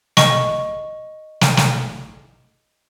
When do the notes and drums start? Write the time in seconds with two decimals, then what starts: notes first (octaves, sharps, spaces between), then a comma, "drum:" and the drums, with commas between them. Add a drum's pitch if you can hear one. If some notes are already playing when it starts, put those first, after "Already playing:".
0.17 D#5 C#6, drum: snare
1.41 drum: snare
1.57 drum: snare